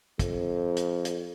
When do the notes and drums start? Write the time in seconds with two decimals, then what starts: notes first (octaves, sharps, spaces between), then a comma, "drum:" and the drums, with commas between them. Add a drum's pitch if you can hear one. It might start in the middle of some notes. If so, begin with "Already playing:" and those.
0.19 F2, drum: kick, hi-hat
0.76 drum: hi-hat
1.05 drum: hi-hat